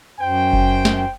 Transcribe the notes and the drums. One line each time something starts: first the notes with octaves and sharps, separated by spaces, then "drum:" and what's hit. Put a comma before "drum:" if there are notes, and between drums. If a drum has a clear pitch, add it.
F#2 C5 G5
drum: kick F#1
drum: snare